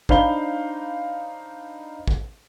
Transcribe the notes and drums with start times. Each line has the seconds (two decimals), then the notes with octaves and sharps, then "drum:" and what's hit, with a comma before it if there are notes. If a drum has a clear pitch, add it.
0.09 D4 D#4 C5 F5 B5 G7, drum: kick
2.08 drum: kick